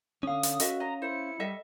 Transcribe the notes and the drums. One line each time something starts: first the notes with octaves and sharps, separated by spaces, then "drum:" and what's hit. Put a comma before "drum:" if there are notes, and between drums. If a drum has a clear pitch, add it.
D3 C#4 F5 D#6
drum: hi-hat
F#4 A4 D#5 E5, drum: hi-hat
D#5 A#5
E4 C5 C#7
G3 A4 D#5 E5